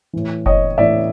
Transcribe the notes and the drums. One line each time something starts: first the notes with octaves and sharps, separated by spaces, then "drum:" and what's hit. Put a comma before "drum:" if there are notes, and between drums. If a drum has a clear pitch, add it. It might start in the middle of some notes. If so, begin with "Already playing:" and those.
A2 E3
C#5 D#5, drum: kick F1
A2 E3 D5 E5